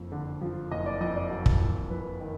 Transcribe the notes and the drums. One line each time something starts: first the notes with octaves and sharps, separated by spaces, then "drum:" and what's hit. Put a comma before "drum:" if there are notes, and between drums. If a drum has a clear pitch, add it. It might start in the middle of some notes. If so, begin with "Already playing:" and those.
Already playing: F#1 F2
D3
F3
F#1 D#5
D5
F2 D#5
D5
F#3
drum: kick
F2
F2 B4
D#3